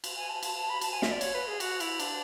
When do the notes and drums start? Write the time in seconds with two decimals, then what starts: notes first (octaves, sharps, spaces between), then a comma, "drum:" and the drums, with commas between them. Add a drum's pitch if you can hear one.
0.04 drum: cymbal
0.16 G#5
0.29 A5
0.43 A5, drum: cymbal
0.55 A5
0.70 B5
0.81 A5, drum: cymbal
0.92 G#5
1.02 E5, drum: snare
1.11 D5
1.21 C#5, drum: cymbal
1.34 B4
1.47 G#4
1.60 F#4, drum: cymbal
1.80 E4, drum: cymbal
1.99 D4, drum: cymbal